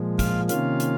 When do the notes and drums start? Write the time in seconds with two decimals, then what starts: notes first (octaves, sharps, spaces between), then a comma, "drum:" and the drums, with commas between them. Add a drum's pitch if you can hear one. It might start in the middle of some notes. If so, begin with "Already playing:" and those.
Already playing: A#2 F3 G#3
0.19 F4 F5, drum: kick, hi-hat
0.49 C3 D#3 A#3 C#4 F4 F5, drum: hi-hat
0.80 drum: hi-hat